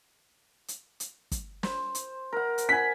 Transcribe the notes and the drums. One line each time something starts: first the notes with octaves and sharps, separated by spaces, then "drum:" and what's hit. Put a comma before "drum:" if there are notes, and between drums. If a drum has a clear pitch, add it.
drum: hi-hat
drum: hi-hat
drum: kick G1, hi-hat
C5, drum: snare
drum: hi-hat
A#4 F#5
drum: hi-hat
F#5 G#5 B6